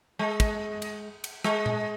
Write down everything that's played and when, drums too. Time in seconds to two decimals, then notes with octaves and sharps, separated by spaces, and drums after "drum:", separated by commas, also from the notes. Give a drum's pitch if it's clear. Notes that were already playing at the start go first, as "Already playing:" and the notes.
0.19 G#3
0.40 drum: kick, cymbal
0.82 drum: cymbal
1.24 drum: cymbal
1.44 G#3, drum: rim click
1.66 drum: tom A#2